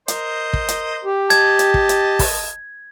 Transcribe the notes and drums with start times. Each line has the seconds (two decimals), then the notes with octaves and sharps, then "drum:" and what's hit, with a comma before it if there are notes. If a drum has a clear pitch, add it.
0.08 A#4 C5 D#5, drum: hi-hat
0.53 drum: kick
0.68 drum: hi-hat
1.05 G4
1.30 D#5 A5 G#6, drum: hi-hat
1.59 drum: hi-hat
1.74 drum: kick
1.89 drum: hi-hat
2.19 drum: kick, open hi-hat